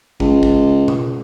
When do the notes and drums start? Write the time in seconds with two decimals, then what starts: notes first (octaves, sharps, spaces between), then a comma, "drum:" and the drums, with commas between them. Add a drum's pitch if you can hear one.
0.20 C#2, drum: kick
0.43 drum: kick
0.88 drum: tom B2